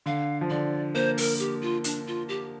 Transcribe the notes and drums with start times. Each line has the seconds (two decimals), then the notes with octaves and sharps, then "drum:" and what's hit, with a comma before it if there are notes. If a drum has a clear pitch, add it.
0.06 D3 F5
0.41 F3
0.50 D3 D5
0.95 A#3 C5
1.18 A#4, drum: open hi-hat
1.39 G4
1.62 F4
1.84 D4, drum: hi-hat
2.07 F4
2.29 G4